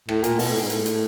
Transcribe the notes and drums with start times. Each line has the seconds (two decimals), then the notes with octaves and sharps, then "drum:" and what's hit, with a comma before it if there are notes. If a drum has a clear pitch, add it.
0.09 A2, drum: rim click
0.24 A#2, drum: hi-hat
0.39 B2, drum: open hi-hat
0.49 A2
0.61 G#2
0.70 A2, drum: hi-hat
0.86 drum: hi-hat